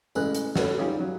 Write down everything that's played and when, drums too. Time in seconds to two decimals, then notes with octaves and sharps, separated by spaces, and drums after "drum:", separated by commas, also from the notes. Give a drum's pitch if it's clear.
0.15 A1 C#3 G#3 B4 F#6, drum: tambourine
0.35 drum: hi-hat
0.56 F#4 A4 B4 C#5, drum: snare
0.78 G3 D#4 F4 G4 G#4 C#5
0.99 F#3